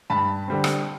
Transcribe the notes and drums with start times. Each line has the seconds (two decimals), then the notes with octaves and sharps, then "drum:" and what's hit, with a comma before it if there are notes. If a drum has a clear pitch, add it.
0.10 G2 A5 B5
0.48 D3 G3 C4
0.64 drum: rim click